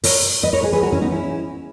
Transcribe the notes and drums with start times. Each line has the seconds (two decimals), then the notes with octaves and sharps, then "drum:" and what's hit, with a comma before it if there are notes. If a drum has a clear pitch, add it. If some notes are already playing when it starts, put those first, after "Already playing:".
0.04 A#4 C#5, drum: open hi-hat
0.43 B4 D#5
0.53 A#4 C#5
0.63 G#4 B4
0.73 G#4 B4
0.83 F#4 A#4
0.92 C#4 E4
1.02 B3 D#4
1.12 C#4 E4